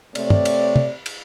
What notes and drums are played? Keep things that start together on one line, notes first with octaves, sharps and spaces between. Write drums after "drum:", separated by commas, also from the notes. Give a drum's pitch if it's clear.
C3 A3 C4 C#5 D5, drum: cymbal
drum: tom
drum: cymbal
drum: tom
drum: cymbal